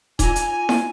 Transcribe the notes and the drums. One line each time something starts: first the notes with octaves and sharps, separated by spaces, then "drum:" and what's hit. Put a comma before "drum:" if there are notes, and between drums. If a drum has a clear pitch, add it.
D#4 F4 G#5, drum: kick D#1, hi-hat
drum: hi-hat
drum: snare E4